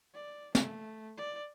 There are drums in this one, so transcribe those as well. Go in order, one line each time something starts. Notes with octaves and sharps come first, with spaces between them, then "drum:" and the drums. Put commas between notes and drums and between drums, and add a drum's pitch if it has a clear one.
D5
A3, drum: snare
D5